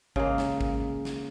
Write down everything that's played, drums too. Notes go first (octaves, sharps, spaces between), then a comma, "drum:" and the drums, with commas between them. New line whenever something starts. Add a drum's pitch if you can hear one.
C#3 G#3 A#3, drum: kick G#1
drum: snare
drum: kick G#1
drum: snare